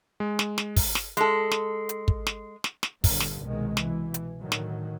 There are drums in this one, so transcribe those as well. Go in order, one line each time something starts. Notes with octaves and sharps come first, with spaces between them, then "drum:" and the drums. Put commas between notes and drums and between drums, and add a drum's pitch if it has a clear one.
G#3
drum: snare
drum: snare
drum: kick, open hi-hat
drum: snare
G#3 A4, drum: hi-hat
drum: snare
drum: hi-hat
drum: kick
drum: snare
drum: snare
drum: snare
G1 G2 A#2 D3, drum: kick, open hi-hat
drum: snare
C2 B2 D#3 G#3
B2 E3, drum: snare
drum: hi-hat
A2 D3 D#3 F#3
drum: snare